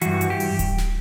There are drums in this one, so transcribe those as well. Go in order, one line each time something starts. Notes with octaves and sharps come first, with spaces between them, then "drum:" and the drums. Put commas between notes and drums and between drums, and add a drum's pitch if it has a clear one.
G2 E3 F#4, drum: hi-hat
drum: hi-hat
G4
drum: open hi-hat
drum: kick D1, hi-hat
drum: snare